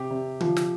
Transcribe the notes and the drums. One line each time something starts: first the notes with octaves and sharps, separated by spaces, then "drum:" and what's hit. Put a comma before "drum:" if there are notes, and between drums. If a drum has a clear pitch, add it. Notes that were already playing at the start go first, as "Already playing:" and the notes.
Already playing: C3 G4
C3
F3, drum: tom D3
drum: snare